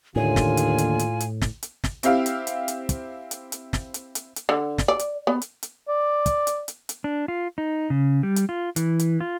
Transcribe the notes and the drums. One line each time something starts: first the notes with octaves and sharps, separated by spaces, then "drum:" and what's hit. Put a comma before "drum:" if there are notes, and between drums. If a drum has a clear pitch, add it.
D#2 A2 D3 F4 G#5
drum: snare
drum: hi-hat
drum: hi-hat
drum: hi-hat
drum: hi-hat
drum: snare
drum: hi-hat
drum: snare
C4 E4 G4 F5, drum: hi-hat
drum: hi-hat
drum: hi-hat
drum: hi-hat
drum: kick, hi-hat
drum: hi-hat
drum: hi-hat
drum: snare
drum: hi-hat
drum: hi-hat
drum: hi-hat
D3
drum: snare
D5
drum: hi-hat
B3
drum: hi-hat
drum: hi-hat
D5
drum: kick, hi-hat
drum: hi-hat
drum: hi-hat
drum: hi-hat
D4
F4
D#4
C#3
G3
drum: hi-hat
F4
E3, drum: hi-hat
drum: hi-hat
F4